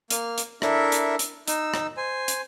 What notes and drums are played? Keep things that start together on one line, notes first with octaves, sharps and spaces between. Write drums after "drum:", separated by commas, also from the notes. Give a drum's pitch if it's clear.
A#3 F6, drum: hi-hat
drum: hi-hat
D4 E4 A4 A#4 E5, drum: rim click
drum: hi-hat
drum: hi-hat
D#4 E6, drum: hi-hat
drum: rim click
C5 G#5
drum: hi-hat